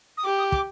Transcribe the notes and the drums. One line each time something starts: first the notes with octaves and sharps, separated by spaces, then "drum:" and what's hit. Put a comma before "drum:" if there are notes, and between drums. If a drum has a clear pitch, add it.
D#6
G4 D6
D#6
D6, drum: kick